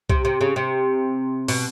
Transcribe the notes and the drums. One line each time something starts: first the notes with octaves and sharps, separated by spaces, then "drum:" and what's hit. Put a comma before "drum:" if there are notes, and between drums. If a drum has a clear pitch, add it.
C3, drum: kick C2
C3
C#3
C3
B2, drum: open hi-hat